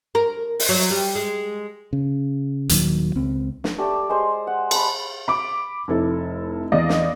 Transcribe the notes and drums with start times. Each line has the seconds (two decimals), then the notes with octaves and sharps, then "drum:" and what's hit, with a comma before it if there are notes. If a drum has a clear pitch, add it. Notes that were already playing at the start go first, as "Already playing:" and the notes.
0.15 A#4
0.60 drum: open hi-hat
0.69 F#3
0.91 G3
1.15 G#3
1.93 C#3
2.69 D#1 D#2 D#3 F#3, drum: hi-hat
3.15 C#2 C4
3.64 drum: snare
3.78 A3 G4 D5 A5
4.09 G#3 C5 C6
4.47 F#5
4.71 A5 B5, drum: cymbal
5.28 B5 D6
5.88 F1 E4 A4
6.72 E2 D5 D#5 F5
6.89 drum: snare